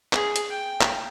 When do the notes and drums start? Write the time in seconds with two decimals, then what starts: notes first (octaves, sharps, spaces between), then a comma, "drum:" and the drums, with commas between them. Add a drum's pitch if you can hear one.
0.13 G#4, drum: clap
0.36 drum: hi-hat
0.51 G5
0.81 drum: clap